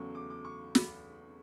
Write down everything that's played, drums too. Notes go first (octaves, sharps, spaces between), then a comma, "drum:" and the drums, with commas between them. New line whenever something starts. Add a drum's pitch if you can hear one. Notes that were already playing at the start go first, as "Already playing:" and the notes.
Already playing: E2 C#3 F#3 A3 C#6
D6
D6
C#6
B5, drum: snare